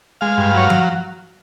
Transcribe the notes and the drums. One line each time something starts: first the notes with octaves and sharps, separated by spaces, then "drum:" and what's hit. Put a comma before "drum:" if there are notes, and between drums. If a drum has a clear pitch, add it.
G#3 F5
G2
F#3 C#5
drum: tom F3